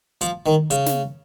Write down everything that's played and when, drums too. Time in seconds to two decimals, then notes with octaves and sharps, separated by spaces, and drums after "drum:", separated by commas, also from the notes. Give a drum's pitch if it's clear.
0.21 F3, drum: hi-hat
0.46 D#3
0.70 C#3, drum: hi-hat
0.86 drum: snare